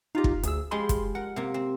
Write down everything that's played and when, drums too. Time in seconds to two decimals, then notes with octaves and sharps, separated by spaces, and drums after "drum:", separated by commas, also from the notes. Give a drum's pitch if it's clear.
0.15 D#4 F4 G4 F5 A#5
0.24 drum: kick
0.43 D2 G#4 E6, drum: hi-hat
0.71 F3 G#3 G4 B5 C6
0.89 drum: kick, hi-hat
1.15 A#4 F#5
1.36 C3 A#3
1.54 C4